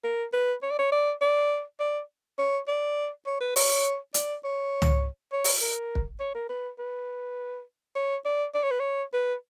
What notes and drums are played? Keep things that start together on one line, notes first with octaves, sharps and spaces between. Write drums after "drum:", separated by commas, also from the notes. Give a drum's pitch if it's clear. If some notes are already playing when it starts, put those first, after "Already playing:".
A#4
B4
C#5
D5
C#5
D5
D5
D5
C#5
D5
C#5
B4
C#5, drum: open hi-hat
D5, drum: hi-hat
C#5
drum: tom
C#5
drum: open hi-hat
A#4
drum: kick
C#5
A#4
B4
B4
C#5
D5
D5
C#5
B4
C#5
B4